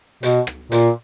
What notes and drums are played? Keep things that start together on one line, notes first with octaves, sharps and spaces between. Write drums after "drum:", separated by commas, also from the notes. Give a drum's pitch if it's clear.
B2, drum: hi-hat
drum: rim click
A#2, drum: hi-hat